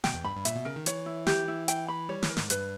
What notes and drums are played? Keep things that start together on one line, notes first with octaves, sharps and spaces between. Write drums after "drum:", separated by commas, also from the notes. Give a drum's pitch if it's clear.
B2 G5, drum: snare
E2
G2 B5
G2
A#2 E5, drum: hi-hat
B2
C#3 A#4
D#3
E3 C#5, drum: hi-hat
E4
G4, drum: snare
E4
G5, drum: hi-hat
B5
G3 C#5
E3, drum: snare
A#4
G#2, drum: snare
G2 B4, drum: hi-hat